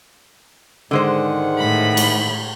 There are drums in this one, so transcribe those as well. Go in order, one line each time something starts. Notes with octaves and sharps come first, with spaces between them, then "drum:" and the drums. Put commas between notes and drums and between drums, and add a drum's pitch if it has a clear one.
G#2 D3 D#3 G#3 C5 F#5
A2 B5
drum: cymbal